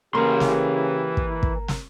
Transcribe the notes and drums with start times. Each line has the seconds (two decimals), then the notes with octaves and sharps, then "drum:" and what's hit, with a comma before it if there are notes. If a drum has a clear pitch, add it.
0.15 C#3 E3 A#3 G4 C6
0.40 drum: snare
1.17 drum: kick
1.43 drum: kick
1.68 drum: snare